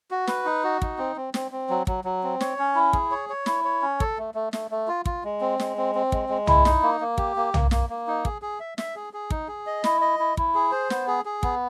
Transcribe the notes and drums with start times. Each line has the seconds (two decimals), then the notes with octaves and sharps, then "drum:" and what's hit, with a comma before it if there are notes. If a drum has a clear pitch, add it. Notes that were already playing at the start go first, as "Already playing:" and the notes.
0.11 F#4
0.27 B4, drum: snare
0.45 D#4
0.64 F#4
0.82 D#4, drum: kick
0.98 C4
1.16 C4
1.34 C4, drum: snare
1.52 C4
1.70 F#3
1.87 F#3, drum: kick
2.04 F#3
2.23 C4
2.41 C#5, drum: snare
2.59 C#4
2.75 E4
2.93 G#4, drum: kick
3.11 C#5
3.29 C#5
3.46 E4, drum: snare
3.64 C#5
3.82 C#4
4.00 A4, drum: kick
4.18 A3
4.34 A3
4.53 A3, drum: snare
4.71 A3
4.88 F4
5.05 F4, drum: kick
5.24 G#3
5.41 C4
5.60 G#3, drum: snare
5.77 C4
5.95 C4
6.12 G#3, drum: kick
6.29 G#3
6.47 E4, drum: tom
6.65 D#4, drum: snare
6.82 A#3
7.01 A#3
7.18 G4, drum: kick
7.37 A#3
7.54 A#3, drum: tom
7.71 A#3, drum: snare
7.90 A#3
8.07 D#4
8.25 G#4, drum: kick
8.42 G#4
8.60 E5
8.78 E5, drum: snare
8.96 G#4
9.13 G#4
9.30 D#4, drum: kick
9.48 G#4
9.67 D#5
9.84 E4, drum: snare
10.01 D#5
10.19 E4
10.37 E4, drum: kick
10.55 G#4
10.72 C5
10.90 B3, drum: snare
11.07 G#4
11.25 G#4
11.43 B3, drum: kick